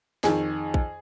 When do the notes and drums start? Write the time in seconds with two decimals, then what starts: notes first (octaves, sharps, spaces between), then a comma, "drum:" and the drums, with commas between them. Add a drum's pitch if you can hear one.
0.24 F2 D#3 G#4, drum: snare
0.74 drum: kick